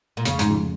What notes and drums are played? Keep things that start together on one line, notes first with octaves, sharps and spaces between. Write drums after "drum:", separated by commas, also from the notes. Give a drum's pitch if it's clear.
A#2
F1 C#3, drum: hi-hat
G#2, drum: hi-hat
F2 C#3